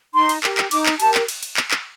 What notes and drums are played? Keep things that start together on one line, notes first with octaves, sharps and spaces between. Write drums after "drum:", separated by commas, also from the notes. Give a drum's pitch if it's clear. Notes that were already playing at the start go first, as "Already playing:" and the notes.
D#4 C6
drum: cymbal
G4 A#4, drum: clap
drum: clap
D#4 D6, drum: cymbal
drum: clap
G4 A#4 A5, drum: cymbal
drum: clap
drum: cymbal
drum: cymbal
drum: clap
drum: clap